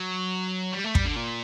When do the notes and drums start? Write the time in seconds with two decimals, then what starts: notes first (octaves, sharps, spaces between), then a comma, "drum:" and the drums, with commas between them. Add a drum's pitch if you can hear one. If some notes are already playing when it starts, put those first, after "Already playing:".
Already playing: F#3
0.73 G3
0.85 A3
0.95 G3, drum: kick
1.05 D3
1.16 A#2